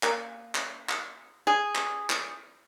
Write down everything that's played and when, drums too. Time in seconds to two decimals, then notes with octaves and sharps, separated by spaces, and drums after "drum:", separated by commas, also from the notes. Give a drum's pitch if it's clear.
0.03 A#3, drum: clap
0.55 drum: clap
0.89 drum: clap
1.47 G#4
1.75 drum: clap
2.10 drum: clap